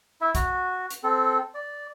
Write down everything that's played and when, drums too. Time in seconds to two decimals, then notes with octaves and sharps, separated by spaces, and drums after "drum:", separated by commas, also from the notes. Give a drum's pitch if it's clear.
0.21 E4 E5
0.35 F#4, drum: kick A#1, hi-hat
0.90 drum: hi-hat
1.04 C4 A4
1.55 D5